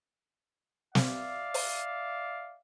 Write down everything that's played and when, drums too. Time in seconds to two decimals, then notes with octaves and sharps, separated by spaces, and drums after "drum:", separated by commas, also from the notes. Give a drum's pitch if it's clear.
0.95 D5 E5 F5, drum: snare
1.54 drum: open hi-hat